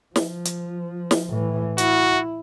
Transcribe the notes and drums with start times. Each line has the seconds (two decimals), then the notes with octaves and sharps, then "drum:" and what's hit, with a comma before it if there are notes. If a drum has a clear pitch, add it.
0.16 F3, drum: snare
0.45 drum: hi-hat
1.11 drum: snare
1.30 A2 E3
1.78 E4 F#4, drum: hi-hat